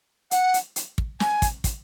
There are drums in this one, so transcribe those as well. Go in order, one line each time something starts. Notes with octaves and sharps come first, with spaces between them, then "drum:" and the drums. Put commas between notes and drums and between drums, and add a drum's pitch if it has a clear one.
F#5, drum: hi-hat
drum: hi-hat
drum: hi-hat
drum: kick
G#5, drum: snare
drum: kick, hi-hat
drum: kick, hi-hat